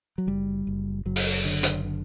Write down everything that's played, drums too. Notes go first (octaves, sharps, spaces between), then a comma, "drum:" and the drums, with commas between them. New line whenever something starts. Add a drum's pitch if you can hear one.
F#3
F#1 G3
F#1
F#1 F#3
drum: open hi-hat
D3
drum: hi-hat
D3